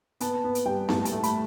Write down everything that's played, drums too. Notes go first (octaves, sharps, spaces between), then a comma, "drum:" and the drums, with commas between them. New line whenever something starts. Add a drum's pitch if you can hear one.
B3 A5, drum: hi-hat
B3
drum: hi-hat
G3 G5
A2 A5, drum: snare B3
A5, drum: hi-hat
A3
B5, drum: hi-hat